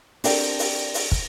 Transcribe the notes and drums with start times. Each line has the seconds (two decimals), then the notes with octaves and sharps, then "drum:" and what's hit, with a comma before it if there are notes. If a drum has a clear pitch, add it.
0.24 C4 D4 G4 A4 A#4 D5, drum: open hi-hat
0.59 drum: open hi-hat
0.94 drum: open hi-hat
1.12 drum: kick